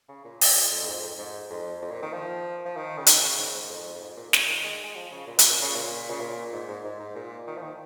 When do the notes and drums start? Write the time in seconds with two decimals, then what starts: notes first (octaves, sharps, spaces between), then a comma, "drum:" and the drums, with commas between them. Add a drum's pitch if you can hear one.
0.09 C#3
0.24 A#2
0.41 drum: open hi-hat
0.56 F2
0.71 F2
0.83 F2
0.87 G#2
1.02 F2
1.18 G#2
1.50 F2
1.82 F2
1.92 A#2
2.02 D#3
2.13 F3
2.65 F3
2.76 D#3
2.98 C#3
3.07 D#3, drum: hi-hat
3.23 C#3
3.38 G#2
3.54 G#2
3.70 F2
3.95 F2
4.01 G#2
4.17 A#2
4.33 C#3, drum: snare
4.48 D#3
4.64 G#3
4.84 G#3
4.95 F3
5.11 C#3
5.27 A#2
5.39 C#3, drum: hi-hat
5.50 A#2
5.62 C#3
5.75 A#2
6.10 C#3
6.21 A#2
6.53 G#2
6.68 G#2
6.84 G#2
7.00 G#2
7.16 A#2
7.47 D#3
7.57 F3
7.62 D#3